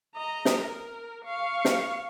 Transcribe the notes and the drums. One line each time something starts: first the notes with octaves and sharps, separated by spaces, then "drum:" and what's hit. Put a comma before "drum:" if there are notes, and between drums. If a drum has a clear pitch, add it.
D#5 A#5
drum: snare
A#4
F5 C#6
drum: snare